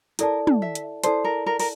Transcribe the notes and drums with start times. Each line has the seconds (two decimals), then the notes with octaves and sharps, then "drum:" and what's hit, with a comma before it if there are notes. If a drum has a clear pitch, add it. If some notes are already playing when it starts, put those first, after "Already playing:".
0.19 E4 A4 A#4 D5 A5, drum: hi-hat
0.47 drum: tom
0.62 E5
0.75 drum: hi-hat
1.04 E4 A4 C5 D5 A5, drum: hi-hat
1.25 A#4
1.46 A#4
1.60 A#4, drum: open hi-hat